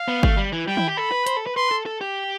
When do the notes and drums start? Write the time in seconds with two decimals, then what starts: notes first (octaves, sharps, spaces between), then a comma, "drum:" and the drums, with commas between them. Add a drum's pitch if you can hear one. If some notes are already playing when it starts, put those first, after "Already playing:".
Already playing: F5
0.08 B3
0.23 A3, drum: kick G1
0.38 G3
0.53 E3
0.67 G3 G5
0.77 E4, drum: tom D#3
0.87 G4
0.97 A4 B5
1.12 B4
1.27 C5, drum: hi-hat
1.37 A4
1.46 B4
1.56 B4 C6
1.71 A4
1.86 A4
2.01 G4